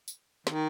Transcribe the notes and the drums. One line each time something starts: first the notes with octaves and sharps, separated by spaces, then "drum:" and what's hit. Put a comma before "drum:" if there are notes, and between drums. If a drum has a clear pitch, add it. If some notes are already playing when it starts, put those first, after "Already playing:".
drum: tambourine
D#3, drum: snare